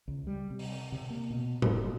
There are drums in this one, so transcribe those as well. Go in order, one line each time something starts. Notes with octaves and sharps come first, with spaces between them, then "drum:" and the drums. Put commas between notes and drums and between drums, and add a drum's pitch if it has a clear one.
C#2
G3
C3
drum: open hi-hat
C3
A#3
B2
F1, drum: tom A2